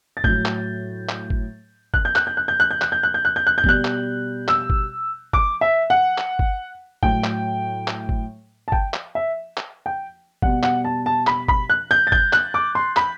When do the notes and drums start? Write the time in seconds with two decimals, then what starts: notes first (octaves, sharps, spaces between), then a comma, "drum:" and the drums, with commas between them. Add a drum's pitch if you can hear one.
0.17 A6
0.24 A2 F#3 G6, drum: kick G1
0.46 drum: clap
1.09 drum: clap
1.30 drum: kick G1
1.94 F#6, drum: kick G1
2.05 G6
2.16 F#6, drum: clap
2.27 G6
2.37 F#6
2.48 G6
2.60 F#6
2.71 G6
2.82 F#6, drum: clap
2.92 G6
3.03 F#6
3.14 G6
3.25 F#6
3.36 G6
3.47 F#6
3.58 G6
3.64 B2 G3 F#6, drum: kick G1
3.85 drum: clap
4.48 E6, drum: clap
4.70 drum: kick G1
5.33 D6, drum: kick G1
5.61 E5
5.90 F#5
6.18 drum: clap
6.39 drum: kick G1
7.03 A2 F#3 G5, drum: kick G1
7.24 drum: clap
7.88 drum: clap
8.09 drum: kick G1
8.68 A5
8.72 G5, drum: kick G1
8.94 drum: clap
9.15 E5
9.57 drum: clap
9.86 G5
10.42 B2 G3 F#5, drum: kick G1
10.63 F#5, drum: clap
10.84 A5
11.06 A5
11.27 B5, drum: clap
11.48 B5, drum: kick G1
11.70 F#6
11.91 G6
12.07 A6
12.12 G6, drum: kick G1
12.33 F#6, drum: clap
12.54 D6
12.75 C6
12.97 B5, drum: clap